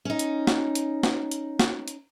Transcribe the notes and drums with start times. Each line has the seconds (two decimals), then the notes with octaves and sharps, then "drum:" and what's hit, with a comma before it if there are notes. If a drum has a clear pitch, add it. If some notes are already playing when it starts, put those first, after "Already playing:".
0.05 C#4 D#4
0.19 drum: hi-hat
0.47 drum: snare
0.75 drum: hi-hat
1.03 drum: snare
1.31 drum: hi-hat
1.60 drum: snare
1.88 drum: hi-hat